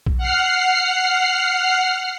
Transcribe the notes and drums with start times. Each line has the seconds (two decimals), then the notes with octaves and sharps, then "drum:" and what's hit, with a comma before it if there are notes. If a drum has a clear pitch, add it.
0.06 drum: kick
0.18 F#5 F6 C7